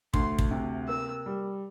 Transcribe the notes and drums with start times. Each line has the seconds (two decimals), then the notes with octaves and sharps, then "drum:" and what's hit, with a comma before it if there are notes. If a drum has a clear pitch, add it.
0.14 D2 C6, drum: kick
0.39 drum: kick
0.51 C3
0.89 A#3 E6
1.26 G3